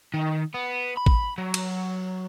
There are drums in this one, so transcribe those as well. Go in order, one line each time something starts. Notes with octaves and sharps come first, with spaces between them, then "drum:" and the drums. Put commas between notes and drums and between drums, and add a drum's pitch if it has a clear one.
D#3
B3
B5
drum: kick A1
F#3
drum: cymbal